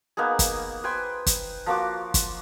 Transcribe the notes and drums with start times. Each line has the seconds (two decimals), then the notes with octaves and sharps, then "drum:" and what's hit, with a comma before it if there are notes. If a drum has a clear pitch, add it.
0.17 A#3 B3 D#4 G#4
0.39 drum: kick, hi-hat
0.84 B4 C5 G5 G#5
1.26 drum: kick, hi-hat
1.66 F3 A#3 F#4 D6
2.14 drum: kick, hi-hat